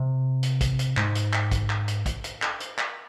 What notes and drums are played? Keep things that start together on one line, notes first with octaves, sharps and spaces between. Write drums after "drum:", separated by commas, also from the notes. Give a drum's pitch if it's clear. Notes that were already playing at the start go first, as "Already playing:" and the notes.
Already playing: C3
drum: hi-hat
drum: kick, hi-hat
drum: hi-hat
G#2, drum: clap
drum: hi-hat
drum: clap
drum: kick, hi-hat
drum: clap
drum: hi-hat
drum: kick, hi-hat
drum: hi-hat
drum: clap
drum: hi-hat
drum: clap